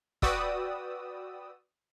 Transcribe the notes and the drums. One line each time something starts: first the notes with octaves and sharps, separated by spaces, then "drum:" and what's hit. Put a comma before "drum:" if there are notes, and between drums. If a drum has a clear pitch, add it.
F#4 B4 D5 G5 D#6 E6, drum: kick